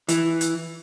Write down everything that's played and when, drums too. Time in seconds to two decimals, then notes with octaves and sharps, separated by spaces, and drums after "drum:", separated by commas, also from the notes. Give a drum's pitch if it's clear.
0.08 E3, drum: hi-hat
0.41 drum: hi-hat